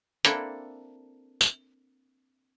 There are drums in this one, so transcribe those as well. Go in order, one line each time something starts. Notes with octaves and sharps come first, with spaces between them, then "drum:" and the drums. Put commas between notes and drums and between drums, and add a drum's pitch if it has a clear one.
A#3 C4 D4 E4 A4, drum: hi-hat
drum: tambourine